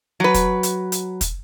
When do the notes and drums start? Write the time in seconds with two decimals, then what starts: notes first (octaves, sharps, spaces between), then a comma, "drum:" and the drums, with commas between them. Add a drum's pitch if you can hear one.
0.20 F#3 B4
0.34 drum: kick, hi-hat
0.63 drum: hi-hat
0.92 drum: hi-hat
1.21 drum: kick, hi-hat